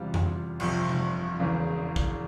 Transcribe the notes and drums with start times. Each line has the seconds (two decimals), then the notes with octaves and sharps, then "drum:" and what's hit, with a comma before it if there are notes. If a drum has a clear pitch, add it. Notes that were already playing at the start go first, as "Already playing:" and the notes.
Already playing: E2 C3 G3 F4
0.14 drum: tom F2
0.60 G1 F2 C3 F3, drum: cymbal
0.89 drum: tom C3
1.40 E1 E2 C#3 E3
1.96 drum: kick